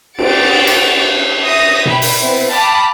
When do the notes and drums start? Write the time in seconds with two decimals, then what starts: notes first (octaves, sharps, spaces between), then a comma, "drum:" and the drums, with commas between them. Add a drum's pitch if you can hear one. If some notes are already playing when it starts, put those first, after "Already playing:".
0.18 F#4 G4 A6 C#7 D7, drum: cymbal
0.67 drum: cymbal
1.43 E5 D#6 A#6
1.86 E5 G5 B5, drum: tom B2
2.02 drum: open hi-hat
2.21 B3 C4 E4 B4
2.51 F5 G5 A5 B5 D6 D#6